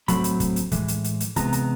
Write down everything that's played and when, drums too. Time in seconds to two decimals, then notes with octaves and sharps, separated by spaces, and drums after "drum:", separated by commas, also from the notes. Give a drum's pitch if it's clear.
0.08 A2 F#3 A3 C4 B5, drum: kick, hi-hat
0.24 drum: hi-hat
0.40 drum: kick, hi-hat
0.56 drum: hi-hat
0.72 A2 E3 G#3, drum: kick, hi-hat
0.88 drum: hi-hat
1.04 drum: hi-hat
1.20 drum: hi-hat
1.36 C3 E3 G#3 B3 A#5, drum: kick, hi-hat
1.53 A#5, drum: hi-hat